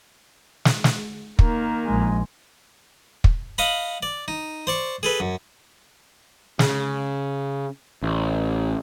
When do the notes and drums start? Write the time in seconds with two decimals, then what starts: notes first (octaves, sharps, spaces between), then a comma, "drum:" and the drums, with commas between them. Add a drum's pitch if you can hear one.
0.65 drum: snare
0.84 drum: snare
1.39 D#3 A#3, drum: kick
1.85 A#1 G#3
3.24 drum: kick
3.58 D#5 F5 F#5 B5
4.03 D5
4.28 D#4
4.67 C5 D5 C#6
5.03 G#4 A4 B4
5.20 F#2
6.59 C#3, drum: snare
8.03 A1